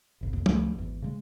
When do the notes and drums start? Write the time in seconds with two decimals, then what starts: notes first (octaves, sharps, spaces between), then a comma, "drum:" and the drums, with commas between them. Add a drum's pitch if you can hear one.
0.21 G1 C2
0.33 C2 F2 A#3
0.46 C#2 A3, drum: tom F3
0.75 G#1 E2
1.02 C#3 G3 G#3